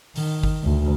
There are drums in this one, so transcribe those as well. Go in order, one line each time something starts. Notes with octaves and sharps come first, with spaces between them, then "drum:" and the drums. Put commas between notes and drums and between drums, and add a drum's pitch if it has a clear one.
D#3, drum: open hi-hat
drum: kick G1
D2